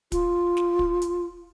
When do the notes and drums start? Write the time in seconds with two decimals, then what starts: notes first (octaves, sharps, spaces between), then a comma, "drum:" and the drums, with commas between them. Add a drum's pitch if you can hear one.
0.12 F4, drum: kick, hi-hat
0.57 drum: snare
0.79 drum: kick
1.02 drum: hi-hat